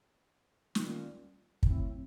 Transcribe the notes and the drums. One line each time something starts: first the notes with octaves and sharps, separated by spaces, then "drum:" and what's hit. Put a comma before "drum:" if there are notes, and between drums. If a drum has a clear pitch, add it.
D#3 G3 A#3 C#4 F4, drum: snare
A2 F#3 A3 C4 E4, drum: kick